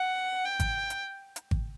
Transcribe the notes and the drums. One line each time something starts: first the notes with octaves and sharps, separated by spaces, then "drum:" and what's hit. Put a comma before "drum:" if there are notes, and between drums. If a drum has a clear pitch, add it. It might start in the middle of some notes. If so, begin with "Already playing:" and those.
Already playing: F#5
G5
drum: kick G#1, hi-hat
drum: hi-hat
drum: hi-hat
drum: kick G#1